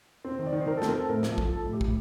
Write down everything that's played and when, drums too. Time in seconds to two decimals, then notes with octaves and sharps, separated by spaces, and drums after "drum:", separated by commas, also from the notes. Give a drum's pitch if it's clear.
0.25 C4
0.39 D#3
0.46 D5
0.53 D#3
0.61 C5
0.66 D#3 A#4
0.77 A4
0.82 C4, drum: snare
0.88 A#4
0.95 C4 A4
1.09 A2 A#4
1.23 F3, drum: snare
1.31 A4
1.38 F3, drum: kick
1.52 F3 A4
1.66 A2
1.73 G4
1.81 A2, drum: kick